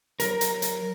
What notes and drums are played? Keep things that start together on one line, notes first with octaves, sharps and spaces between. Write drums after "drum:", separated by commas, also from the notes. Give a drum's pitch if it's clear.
F#3 A#4, drum: hi-hat
drum: hi-hat
drum: hi-hat